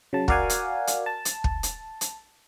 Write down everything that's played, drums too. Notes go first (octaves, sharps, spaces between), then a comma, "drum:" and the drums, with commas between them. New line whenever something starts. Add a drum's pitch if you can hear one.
C#3 F#3 A5
F#4 A#4 D5 F5 F#5 G#5, drum: kick
drum: hi-hat
drum: hi-hat
A5
drum: hi-hat
drum: kick
drum: hi-hat
drum: hi-hat